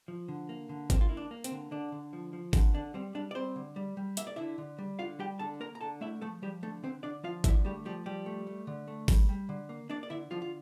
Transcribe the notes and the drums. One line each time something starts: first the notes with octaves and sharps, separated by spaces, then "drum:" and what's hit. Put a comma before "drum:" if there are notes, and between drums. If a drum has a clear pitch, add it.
F3
D3
A#3
D3
A#3 C4, drum: kick G1, hi-hat
F4
A#3 E4
D4
A#3
C4, drum: hi-hat
D3
D3 D4
D3
F3
F3
D3 C4, drum: kick G1, open hi-hat
D3 D4
G3 C4
G3 D4
D5
G3 C4 C5
D3
G3
G3
A#3 E5, drum: hi-hat
D5
D3 E4 E5
D3
G3
D3 F4 F5
G3 G4 G5
D3 A4 A5
A#3 A#4 A#5
A#5
D3 A4 A5
A3 E4 E5
F3 A3 A4
F3 G3 G4
D3 A3 A4
D3 C4 C5
D3 D4 D5
F3 F4 F5
D3 E4 E5, drum: kick G1, hi-hat
G3 A3 G4
F3 G3 G4
F3 G3 G4
A3
A3
D3
A3
G3, drum: kick G1, open hi-hat
G3
D3
A#3
A#3 D4 D5
D5
D3 E4 E5
D3 F3 F4
F4